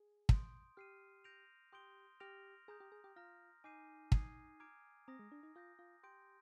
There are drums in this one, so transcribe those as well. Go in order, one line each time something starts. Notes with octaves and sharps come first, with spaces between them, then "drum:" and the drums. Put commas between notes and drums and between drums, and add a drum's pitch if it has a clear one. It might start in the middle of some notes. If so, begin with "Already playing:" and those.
Already playing: G#4
C6 D#6 G6 D7, drum: kick
G4 F6 C7 D#7
G6 A#6 D7 F7
G4 C6 D#6 G6 D7 G7
G4 F6 A#6 D7 F7
G#4 A#5 D#6 G6
G4
G#4
G4
F4 A#5 F6 A#6
D#4 G#5 D6 G6 C7 D#7
D#6 G#6 C7 D#7, drum: kick
A#5 D6 F6 G#6 D7
C4 A#5 D#6 A#6
G#3
D4
D#4
F4 D#6 G6 A#6
F4
G4 C6 G6 D7